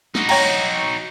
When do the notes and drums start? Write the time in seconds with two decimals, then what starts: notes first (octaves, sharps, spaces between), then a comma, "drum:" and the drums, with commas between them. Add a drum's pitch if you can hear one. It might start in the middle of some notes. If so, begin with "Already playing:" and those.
0.15 D#4 F#4, drum: snare
0.29 C#5 G5 A#5, drum: cymbal